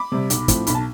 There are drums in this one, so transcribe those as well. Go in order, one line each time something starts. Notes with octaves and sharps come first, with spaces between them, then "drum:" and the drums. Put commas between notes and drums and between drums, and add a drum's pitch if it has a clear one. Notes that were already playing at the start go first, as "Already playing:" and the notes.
Already playing: B5 D6
C3 G3
B1, drum: hi-hat
A2 F3 C4, drum: kick, hi-hat
B1 B5, drum: hi-hat
A5